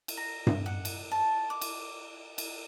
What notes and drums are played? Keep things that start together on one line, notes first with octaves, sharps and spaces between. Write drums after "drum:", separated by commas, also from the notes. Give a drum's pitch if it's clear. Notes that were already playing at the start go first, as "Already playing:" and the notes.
drum: cymbal
A#5
drum: tom G2
F#5
drum: cymbal
A5
D6
drum: cymbal
drum: cymbal